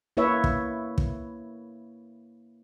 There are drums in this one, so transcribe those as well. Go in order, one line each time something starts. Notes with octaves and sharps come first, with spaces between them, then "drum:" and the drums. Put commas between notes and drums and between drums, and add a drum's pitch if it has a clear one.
A#3 E4 B4 C#5 E5
drum: kick
drum: kick